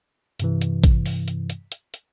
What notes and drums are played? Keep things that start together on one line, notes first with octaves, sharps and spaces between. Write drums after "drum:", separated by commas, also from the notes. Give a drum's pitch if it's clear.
G2 C3 E3, drum: hi-hat
drum: hi-hat
drum: kick A1, hi-hat
drum: open hi-hat
drum: hi-hat
drum: hi-hat
drum: hi-hat
drum: hi-hat